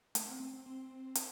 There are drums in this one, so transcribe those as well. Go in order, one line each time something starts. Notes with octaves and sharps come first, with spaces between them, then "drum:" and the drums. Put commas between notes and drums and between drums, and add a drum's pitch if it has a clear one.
A3, drum: hi-hat
C4
C4
C4
C4
drum: hi-hat